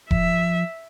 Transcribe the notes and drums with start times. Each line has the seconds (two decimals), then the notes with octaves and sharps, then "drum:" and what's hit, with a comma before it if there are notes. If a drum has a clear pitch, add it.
0.11 F3 E5, drum: kick E1